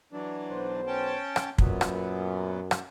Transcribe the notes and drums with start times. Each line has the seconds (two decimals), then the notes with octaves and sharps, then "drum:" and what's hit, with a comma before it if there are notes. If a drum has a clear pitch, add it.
0.12 E3 F#3 D4
0.50 B1 B3 C5
0.87 C#4 G5 A5
1.36 drum: rim click
1.58 F#2 A#2 F#3 B3, drum: kick
1.81 drum: rim click
2.71 drum: rim click